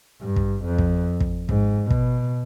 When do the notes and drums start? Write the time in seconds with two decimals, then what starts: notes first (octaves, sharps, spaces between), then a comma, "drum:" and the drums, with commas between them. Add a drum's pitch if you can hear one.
0.22 G2
0.36 drum: kick
0.65 F2
0.78 drum: kick
1.20 drum: kick
1.49 G#2, drum: kick
1.91 B2, drum: kick